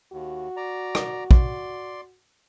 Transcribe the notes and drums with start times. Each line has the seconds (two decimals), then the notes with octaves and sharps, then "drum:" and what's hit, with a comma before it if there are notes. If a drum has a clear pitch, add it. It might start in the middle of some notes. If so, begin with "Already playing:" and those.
0.12 D#2 F#4
0.57 D5 A#5
0.95 drum: rim click
1.31 D5 C6, drum: kick